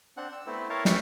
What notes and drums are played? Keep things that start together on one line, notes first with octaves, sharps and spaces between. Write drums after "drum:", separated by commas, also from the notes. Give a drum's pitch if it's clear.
C4 D4 F#5
E6
A3 B3 C4 E4
E4 A#4 C#5 F5 A5
C#4 G4 B4 E5, drum: snare